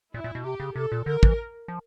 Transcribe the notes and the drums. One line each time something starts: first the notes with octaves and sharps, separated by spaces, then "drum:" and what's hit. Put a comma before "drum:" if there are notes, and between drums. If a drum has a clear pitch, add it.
A#2 E4
A#2
B2
C3 G4
C#3
C3 A4
A#2
D3 A#4
E3, drum: kick
F3